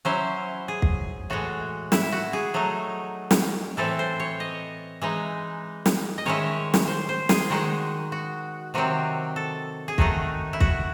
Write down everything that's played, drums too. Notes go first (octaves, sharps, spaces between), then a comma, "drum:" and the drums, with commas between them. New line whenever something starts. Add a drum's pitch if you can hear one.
F#3 C#4 E4 C5
G#4
drum: kick
A2 E3 G#3 F#4
E4, drum: snare
F#4
G#4
F#3 A3 D#4
drum: snare
A2 E3 C4 E4 A4
C5
C#5
D#5
E3 G#3 D#4
drum: snare
D#5
D#3 G#3 C#4 E4 C#5
drum: snare
C5
C5
G#4, drum: snare
D#3 G#3 D#4 F#4
F#4
C3 D#3 F#3 C4 F#4
A4
G#4
D#3 A3 D#4 F#4, drum: kick
E4
F#4, drum: kick